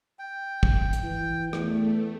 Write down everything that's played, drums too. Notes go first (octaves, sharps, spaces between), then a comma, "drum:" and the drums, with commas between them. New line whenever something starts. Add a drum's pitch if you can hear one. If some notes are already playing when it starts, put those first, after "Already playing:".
G5
drum: kick
drum: hi-hat
E3
E2 A3, drum: rim click